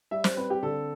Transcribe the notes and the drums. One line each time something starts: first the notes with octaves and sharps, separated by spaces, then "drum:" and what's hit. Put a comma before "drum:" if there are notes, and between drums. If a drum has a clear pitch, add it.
G3 E5
C5, drum: snare
C4 B4
G4
D3 A4